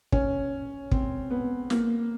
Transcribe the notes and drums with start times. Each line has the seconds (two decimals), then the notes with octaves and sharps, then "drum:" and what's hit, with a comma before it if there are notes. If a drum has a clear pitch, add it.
0.12 C#4, drum: kick
0.91 C4, drum: kick
1.31 B3
1.70 A#3, drum: snare